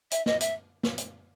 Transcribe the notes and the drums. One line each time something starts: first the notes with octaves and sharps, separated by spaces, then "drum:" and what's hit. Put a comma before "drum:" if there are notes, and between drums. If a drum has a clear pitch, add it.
E5, drum: hi-hat
D#5, drum: snare
E5, drum: hi-hat
drum: snare
drum: hi-hat